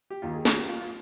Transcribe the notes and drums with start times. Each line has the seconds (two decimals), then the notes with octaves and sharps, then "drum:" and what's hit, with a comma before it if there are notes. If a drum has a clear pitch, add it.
0.10 G4
0.22 D#2 D#3 F4
0.33 G#4
0.45 G#4, drum: snare
0.52 F4
0.57 G4
0.69 F4
0.81 F4